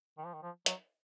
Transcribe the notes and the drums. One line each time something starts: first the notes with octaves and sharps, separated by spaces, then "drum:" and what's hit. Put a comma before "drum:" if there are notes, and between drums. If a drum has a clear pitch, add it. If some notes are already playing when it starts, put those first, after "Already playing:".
D#3
F3
D#3
F3
F#3, drum: hi-hat